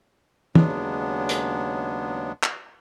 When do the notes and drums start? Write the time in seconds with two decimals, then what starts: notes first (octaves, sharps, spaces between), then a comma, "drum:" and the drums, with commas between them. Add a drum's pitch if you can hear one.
0.55 D#2 C#3 F#3 G#3 B3 D4, drum: tom
1.29 drum: hi-hat
2.43 drum: clap